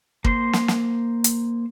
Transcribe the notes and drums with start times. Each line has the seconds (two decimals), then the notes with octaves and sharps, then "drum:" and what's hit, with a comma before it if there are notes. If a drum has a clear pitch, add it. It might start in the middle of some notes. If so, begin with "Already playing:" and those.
0.24 A#3 C5 C6, drum: kick
0.53 drum: snare
0.68 drum: snare
1.24 drum: hi-hat